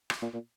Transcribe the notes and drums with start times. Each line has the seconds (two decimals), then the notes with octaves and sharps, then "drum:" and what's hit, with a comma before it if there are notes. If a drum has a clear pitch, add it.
0.10 drum: rim click
0.22 A#2
0.33 A#2